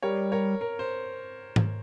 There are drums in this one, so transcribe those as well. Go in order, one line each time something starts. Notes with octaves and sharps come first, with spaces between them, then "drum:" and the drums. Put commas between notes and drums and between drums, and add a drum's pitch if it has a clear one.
G3 A#4 C#5
A#4 C#5
A#4
C5
drum: tom G#2